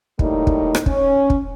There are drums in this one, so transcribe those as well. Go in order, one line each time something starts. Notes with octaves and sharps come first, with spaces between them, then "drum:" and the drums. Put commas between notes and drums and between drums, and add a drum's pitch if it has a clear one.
A2 G3 A#3 D#4, drum: kick
drum: kick
drum: rim click
C#4, drum: kick
drum: kick